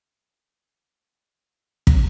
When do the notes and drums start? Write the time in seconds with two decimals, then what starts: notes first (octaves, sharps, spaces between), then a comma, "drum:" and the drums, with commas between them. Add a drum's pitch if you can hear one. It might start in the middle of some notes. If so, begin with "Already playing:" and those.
0.23 B3 D4
1.87 drum: kick